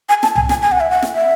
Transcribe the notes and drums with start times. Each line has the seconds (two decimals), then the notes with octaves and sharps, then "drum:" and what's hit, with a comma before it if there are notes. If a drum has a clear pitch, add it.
0.09 G#5
0.23 A5, drum: snare
0.35 G#5, drum: tom C2
0.49 G#5, drum: snare
0.62 G#5
0.72 F#5
0.80 E5
0.90 F#5
1.02 drum: snare
1.15 E5